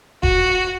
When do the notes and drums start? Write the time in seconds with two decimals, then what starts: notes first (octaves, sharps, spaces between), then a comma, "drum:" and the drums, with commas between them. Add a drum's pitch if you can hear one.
0.23 F#4, drum: kick E1